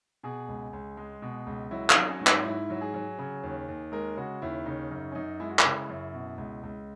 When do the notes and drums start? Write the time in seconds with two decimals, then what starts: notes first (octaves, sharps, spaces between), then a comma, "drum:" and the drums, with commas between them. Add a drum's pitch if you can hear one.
0.23 B2 G#4
0.48 C#2
0.73 C#2
0.97 G#3
1.22 B2
1.46 C#2
1.71 F#3 E4
1.90 D#4, drum: clap
1.95 F#3
2.08 C#4
2.20 G#2
2.27 D#4, drum: clap
2.44 G#2 E4
2.70 F#3
2.81 G#4
2.94 F#3
3.19 C#3
3.43 D#2
3.68 D#2
3.92 G#3 A#4
4.17 C#3 F#4
4.42 D#2 E4
4.66 C#3 D#4
4.91 F#2 D#4
5.12 C#4
5.15 F#2 D#4
5.40 G#3 E4
5.49 F#4
5.59 E4, drum: clap
5.65 C#3
5.89 F#2
6.14 B2
6.38 C#2
6.63 C#2